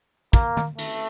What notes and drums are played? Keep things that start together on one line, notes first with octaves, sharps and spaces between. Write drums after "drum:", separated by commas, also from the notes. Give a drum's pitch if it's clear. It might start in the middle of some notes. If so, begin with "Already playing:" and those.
A#3, drum: kick
drum: tom
A3, drum: cymbal